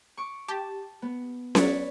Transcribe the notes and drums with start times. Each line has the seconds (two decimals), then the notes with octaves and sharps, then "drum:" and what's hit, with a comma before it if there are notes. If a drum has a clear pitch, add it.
0.17 C#6 D6
0.48 G4 A5
1.02 B3
1.55 F#3 B4 C#5 D5, drum: snare C#4